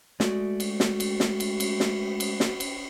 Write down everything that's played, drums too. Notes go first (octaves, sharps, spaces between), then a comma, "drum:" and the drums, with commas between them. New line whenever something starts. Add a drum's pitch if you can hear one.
G#3 A3 F#4 D5, drum: snare
drum: cymbal
drum: snare
drum: cymbal
drum: snare
drum: cymbal
drum: cymbal
drum: snare
drum: cymbal
drum: snare
drum: cymbal